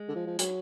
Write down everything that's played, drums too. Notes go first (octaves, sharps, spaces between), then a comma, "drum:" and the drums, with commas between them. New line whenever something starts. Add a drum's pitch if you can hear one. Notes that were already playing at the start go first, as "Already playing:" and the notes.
Already playing: G#3
D3
F3
F3
F#3, drum: hi-hat